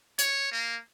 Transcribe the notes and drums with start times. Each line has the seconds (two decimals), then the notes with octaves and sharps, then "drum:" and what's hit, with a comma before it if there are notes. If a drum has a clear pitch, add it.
0.19 C#5, drum: hi-hat
0.51 A#3